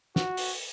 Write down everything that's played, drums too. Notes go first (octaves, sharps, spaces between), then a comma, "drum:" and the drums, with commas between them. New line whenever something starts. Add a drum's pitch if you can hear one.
F#4, drum: snare
drum: open hi-hat